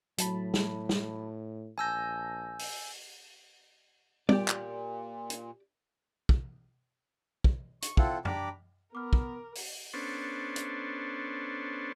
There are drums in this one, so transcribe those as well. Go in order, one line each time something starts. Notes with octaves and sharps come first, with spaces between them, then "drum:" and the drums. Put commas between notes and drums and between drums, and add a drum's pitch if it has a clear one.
A2 F#3 A5 B5, drum: hi-hat
drum: snare
drum: snare
A#1 G#5 A5 E6 G6 A#6
drum: open hi-hat
A#2 G4 D5, drum: tom
drum: clap
drum: hi-hat
drum: kick
drum: kick
C#6, drum: hi-hat
C4 E4 F4 A4 C5 F#5, drum: kick
D4 G4 A#5 B5 D6, drum: tom
B3 A#4 D6 F6
drum: kick
drum: open hi-hat
B3 C#4 D4 A4 C5
drum: hi-hat